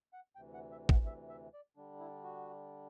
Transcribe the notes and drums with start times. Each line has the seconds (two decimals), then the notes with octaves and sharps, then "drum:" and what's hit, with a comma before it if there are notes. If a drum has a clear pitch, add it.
0.13 F#5
0.36 D2 C3 E3 G5
0.54 F#5
0.72 E5
0.89 F#5, drum: kick
1.06 E5
1.30 E5
1.54 D5
1.76 D3 G3 D4
2.00 E4
2.24 F#4